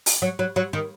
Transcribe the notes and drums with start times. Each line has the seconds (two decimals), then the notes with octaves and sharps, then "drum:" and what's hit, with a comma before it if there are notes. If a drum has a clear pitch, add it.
0.06 drum: open hi-hat
0.22 F#3
0.39 F#3
0.56 F#3
0.73 D#3